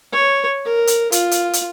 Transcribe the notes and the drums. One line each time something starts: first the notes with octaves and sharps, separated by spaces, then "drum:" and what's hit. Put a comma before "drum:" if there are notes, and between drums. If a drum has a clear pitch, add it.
C#5
A#4
drum: hi-hat
F4, drum: hi-hat
drum: hi-hat
drum: hi-hat